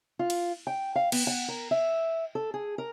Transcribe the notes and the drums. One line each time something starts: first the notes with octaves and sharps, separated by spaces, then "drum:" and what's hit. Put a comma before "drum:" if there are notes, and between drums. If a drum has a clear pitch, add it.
F4
drum: cymbal
G5
F5
B3, drum: cymbal
F#5
A#4
E5
A4
G#4
A#4